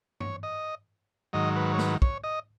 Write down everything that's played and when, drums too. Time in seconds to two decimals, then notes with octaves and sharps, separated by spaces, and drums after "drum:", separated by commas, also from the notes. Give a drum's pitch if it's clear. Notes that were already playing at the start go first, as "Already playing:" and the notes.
0.20 C#5, drum: tom G2
0.43 D#5
1.33 G#2 D#3 F#3 D#5
1.56 B4
1.74 C#5
1.78 B4, drum: snare
2.02 C#5, drum: kick
2.24 D#5